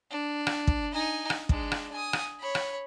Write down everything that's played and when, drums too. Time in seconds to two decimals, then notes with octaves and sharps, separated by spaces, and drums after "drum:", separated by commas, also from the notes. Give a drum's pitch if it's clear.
0.11 D4
0.47 drum: rim click
0.67 drum: kick
0.93 D#4 G#5
1.30 drum: rim click
1.49 G#3 D4, drum: kick
1.72 drum: rim click
1.92 G#5 D#6
2.13 drum: rim click
2.39 C#5 B5
2.55 drum: rim click